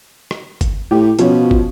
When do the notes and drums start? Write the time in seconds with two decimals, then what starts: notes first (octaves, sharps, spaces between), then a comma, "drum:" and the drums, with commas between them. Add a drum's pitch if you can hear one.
0.31 drum: rim click
0.61 drum: kick, hi-hat
0.91 A2 G4
1.19 B2 F3 C#4, drum: hi-hat
1.51 drum: kick